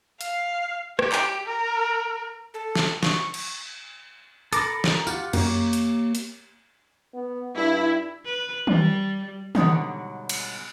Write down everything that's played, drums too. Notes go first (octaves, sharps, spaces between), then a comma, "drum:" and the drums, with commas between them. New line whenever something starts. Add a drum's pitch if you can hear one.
F5, drum: hi-hat
G4, drum: rim click
drum: clap
A#4
A4
drum: snare
C#6, drum: snare
drum: cymbal
A4 A#4 B5 D6, drum: hi-hat
drum: snare
F4 G4 F#5, drum: tambourine
F#2 A#3 G4 C#5, drum: cymbal
drum: hi-hat
drum: hi-hat
B3
G2 E4
B4
G3, drum: tom D#3
G#2 B2 D3 F#3 G3, drum: tom D#3
drum: cymbal